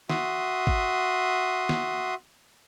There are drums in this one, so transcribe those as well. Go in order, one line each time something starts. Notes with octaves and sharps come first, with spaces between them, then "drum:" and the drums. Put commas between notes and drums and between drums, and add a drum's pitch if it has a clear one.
F#4 E5 C6 D#6, drum: snare
drum: kick G#1
drum: snare